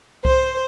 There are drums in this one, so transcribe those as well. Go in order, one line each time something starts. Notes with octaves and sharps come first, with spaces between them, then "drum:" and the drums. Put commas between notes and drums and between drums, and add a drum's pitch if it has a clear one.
C5, drum: kick C2